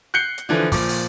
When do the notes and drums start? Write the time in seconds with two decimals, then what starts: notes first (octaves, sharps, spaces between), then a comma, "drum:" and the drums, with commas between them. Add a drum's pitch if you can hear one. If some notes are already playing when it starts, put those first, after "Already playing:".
0.14 F#6 G6 C7 C#7 G7
0.38 drum: hi-hat
0.49 D3 E3 F3
0.72 A#2 F3 D6, drum: kick, open hi-hat
0.89 drum: open hi-hat